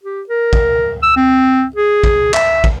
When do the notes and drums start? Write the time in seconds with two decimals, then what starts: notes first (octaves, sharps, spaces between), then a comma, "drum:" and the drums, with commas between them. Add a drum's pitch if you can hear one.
0.03 G4
0.29 A#4
0.53 drum: kick
1.03 E6
1.16 C4
1.76 G#4
2.04 drum: kick
2.34 E5, drum: clap
2.64 drum: kick